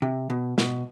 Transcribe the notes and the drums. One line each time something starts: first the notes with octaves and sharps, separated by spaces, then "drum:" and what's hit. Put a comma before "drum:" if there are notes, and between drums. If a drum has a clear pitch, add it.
C3
B2
B2, drum: snare